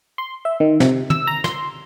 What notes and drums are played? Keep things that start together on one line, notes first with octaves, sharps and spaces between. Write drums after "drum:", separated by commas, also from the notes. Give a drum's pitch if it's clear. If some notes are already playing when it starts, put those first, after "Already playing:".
C6
E5
D#3
C3, drum: snare
E6, drum: tom
A#5
C6, drum: snare